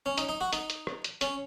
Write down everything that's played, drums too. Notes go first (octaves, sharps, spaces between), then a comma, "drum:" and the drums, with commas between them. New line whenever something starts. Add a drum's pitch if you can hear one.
C#4
D#4, drum: hi-hat
D#4
F#4
D#4, drum: hi-hat
drum: hi-hat
drum: rim click
drum: hi-hat
C#4, drum: hi-hat